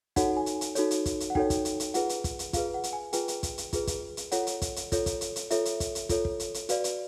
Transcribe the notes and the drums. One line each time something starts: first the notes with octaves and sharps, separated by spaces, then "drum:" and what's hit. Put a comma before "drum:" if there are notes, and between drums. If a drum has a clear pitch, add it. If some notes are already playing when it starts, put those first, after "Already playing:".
D#4 F#4 A4 C#5 F#5, drum: kick, hi-hat
G#5
drum: hi-hat
drum: hi-hat
D#4 F#4 A4 C#5, drum: hi-hat
drum: hi-hat
drum: kick, hi-hat
drum: hi-hat
F#5
D#4 F#4 A4 C#5 G5, drum: kick
drum: kick, hi-hat
drum: hi-hat
drum: hi-hat
F4 G#4 B4 F#5, drum: hi-hat
drum: hi-hat
drum: kick, hi-hat
drum: hi-hat
F4 G#4 B4 F5, drum: kick, hi-hat
F#5
drum: hi-hat
G#5
F4 G#4 B4 G5, drum: hi-hat
drum: hi-hat
drum: kick, hi-hat
drum: hi-hat
F4 G#4 B4, drum: kick, hi-hat
drum: kick, hi-hat
drum: hi-hat
F4 A4 C#5 F#5, drum: hi-hat
drum: hi-hat
drum: kick, hi-hat
drum: hi-hat
F4 A4 C#5, drum: kick, hi-hat
drum: kick, hi-hat
drum: hi-hat
drum: hi-hat
F4 A4 C#5 E5, drum: hi-hat
drum: hi-hat
drum: kick, hi-hat
drum: hi-hat
F4 A4 C#5, drum: kick, hi-hat
drum: kick
drum: hi-hat
drum: hi-hat
F#4 B4 D5 F5, drum: hi-hat
drum: hi-hat